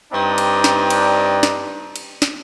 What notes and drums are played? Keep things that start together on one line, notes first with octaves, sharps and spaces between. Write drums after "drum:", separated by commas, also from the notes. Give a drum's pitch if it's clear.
G2 C4 D4 D#4
drum: cymbal
drum: snare
drum: cymbal
drum: snare
drum: cymbal
drum: snare